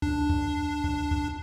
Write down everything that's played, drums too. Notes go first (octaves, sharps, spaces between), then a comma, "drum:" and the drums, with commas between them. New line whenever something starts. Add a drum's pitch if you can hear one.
D4, drum: kick D2
drum: kick D2
drum: kick D2
drum: kick D2